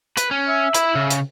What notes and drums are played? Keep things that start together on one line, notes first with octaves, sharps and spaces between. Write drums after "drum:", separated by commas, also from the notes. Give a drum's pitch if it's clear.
B4, drum: hi-hat
C#4
E5
E4 B5, drum: hi-hat
C#3
drum: hi-hat